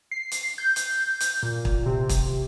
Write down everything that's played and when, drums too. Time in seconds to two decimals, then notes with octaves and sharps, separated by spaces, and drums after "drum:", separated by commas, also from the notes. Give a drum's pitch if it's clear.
0.11 C7
0.32 drum: hi-hat
0.58 G6
0.76 drum: hi-hat
1.20 drum: hi-hat
1.43 A#2
1.65 drum: kick
1.86 C3
2.09 drum: kick, hi-hat